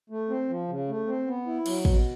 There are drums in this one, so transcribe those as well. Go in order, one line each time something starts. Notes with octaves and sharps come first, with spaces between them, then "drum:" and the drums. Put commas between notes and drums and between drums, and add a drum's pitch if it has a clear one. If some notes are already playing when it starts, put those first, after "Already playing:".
A3
C4
F3
C#3
A3
C4
B3
E4
F#3, drum: cymbal
B2, drum: kick